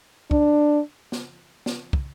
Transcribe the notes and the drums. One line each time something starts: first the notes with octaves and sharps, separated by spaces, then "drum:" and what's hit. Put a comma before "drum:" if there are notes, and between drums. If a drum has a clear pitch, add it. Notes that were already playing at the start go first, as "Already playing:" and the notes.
D4, drum: kick
drum: snare
drum: snare
drum: kick